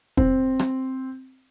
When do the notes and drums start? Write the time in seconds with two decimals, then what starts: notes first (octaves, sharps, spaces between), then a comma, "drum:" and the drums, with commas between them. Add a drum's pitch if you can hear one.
0.17 C4, drum: kick
0.59 drum: rim click